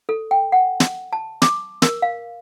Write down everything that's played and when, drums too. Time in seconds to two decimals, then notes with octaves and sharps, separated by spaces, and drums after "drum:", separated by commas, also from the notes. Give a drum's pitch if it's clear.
0.09 A4
0.31 G5
0.52 F#5
0.80 drum: snare
1.13 A5
1.42 D6, drum: snare
1.82 A#4, drum: snare
2.02 F5